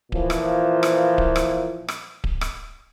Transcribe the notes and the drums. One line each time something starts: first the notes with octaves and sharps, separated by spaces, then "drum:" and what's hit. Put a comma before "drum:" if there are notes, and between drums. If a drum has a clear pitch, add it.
A#2 E3 F3, drum: kick D1
drum: rim click
drum: rim click
drum: kick D1
drum: rim click
drum: rim click
drum: kick D1
drum: rim click